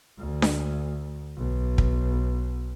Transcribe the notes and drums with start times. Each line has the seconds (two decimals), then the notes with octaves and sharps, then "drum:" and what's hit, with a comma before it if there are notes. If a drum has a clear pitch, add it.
0.19 D2
0.42 drum: snare D4
1.37 B1
1.78 drum: kick